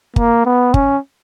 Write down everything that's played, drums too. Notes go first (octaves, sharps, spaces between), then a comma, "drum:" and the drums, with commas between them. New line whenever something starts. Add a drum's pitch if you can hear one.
A#3, drum: kick G1
B3
C#4, drum: kick G1